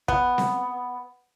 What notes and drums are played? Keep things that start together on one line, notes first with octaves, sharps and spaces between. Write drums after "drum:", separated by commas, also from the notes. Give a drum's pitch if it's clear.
B3, drum: kick
drum: snare C4